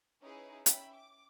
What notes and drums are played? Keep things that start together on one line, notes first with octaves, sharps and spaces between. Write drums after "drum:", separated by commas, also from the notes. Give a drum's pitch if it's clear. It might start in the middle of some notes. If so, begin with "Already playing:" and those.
C#4 D#4 E4 G#4 B4
C#4 E5 G5 B5, drum: hi-hat
D6